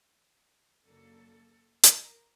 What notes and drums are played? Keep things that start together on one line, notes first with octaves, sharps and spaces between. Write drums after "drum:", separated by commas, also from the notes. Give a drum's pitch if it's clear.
F#2 C#3 F#3 A#3 D4 A4
A#4, drum: hi-hat